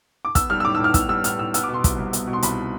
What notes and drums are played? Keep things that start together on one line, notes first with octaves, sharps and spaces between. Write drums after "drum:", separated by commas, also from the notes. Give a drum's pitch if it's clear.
D6
B3 E6, drum: kick, hi-hat
G3 F6
E6
A2 D6
E6
A2
F6
B3 E6, drum: kick, hi-hat
G3 E6
A2 F6, drum: hi-hat
A2 E6
B3 E6, drum: hi-hat
D6
B2
C6
C2, drum: kick, hi-hat
C2
B3, drum: hi-hat
B2
C6
C2 B5, drum: hi-hat